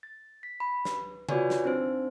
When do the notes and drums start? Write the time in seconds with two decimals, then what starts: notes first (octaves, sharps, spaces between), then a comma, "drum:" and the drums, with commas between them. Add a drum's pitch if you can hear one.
0.03 A6
0.43 B6
0.60 B5
0.85 B4, drum: snare
1.29 F4 F#4 B4 C#5 D5 G#5, drum: tom C#3
1.50 drum: snare
1.65 C4 D4 D#4 C5